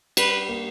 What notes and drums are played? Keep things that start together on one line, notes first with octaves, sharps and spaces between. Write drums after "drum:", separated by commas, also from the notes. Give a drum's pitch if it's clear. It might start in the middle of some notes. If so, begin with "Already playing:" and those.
G3 B4, drum: cymbal
A#3